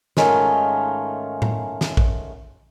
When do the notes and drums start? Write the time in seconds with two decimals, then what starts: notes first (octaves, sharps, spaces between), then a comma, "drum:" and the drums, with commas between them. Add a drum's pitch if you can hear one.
0.17 G#2 D#3 A3 C#4 D#4 F4, drum: snare
1.42 drum: tom A2
1.81 drum: snare
1.97 drum: kick A1